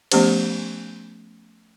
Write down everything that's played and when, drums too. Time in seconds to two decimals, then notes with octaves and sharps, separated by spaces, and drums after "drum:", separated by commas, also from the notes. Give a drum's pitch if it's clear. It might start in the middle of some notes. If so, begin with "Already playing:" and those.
0.12 F3 A3 B3 C#4 G4 C5, drum: cymbal